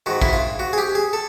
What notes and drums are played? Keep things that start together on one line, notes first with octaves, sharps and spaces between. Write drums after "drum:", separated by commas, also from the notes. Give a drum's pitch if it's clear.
G#2 D#3 F#4
E4, drum: kick
F4
F#4
G#4
G4
G#4
A4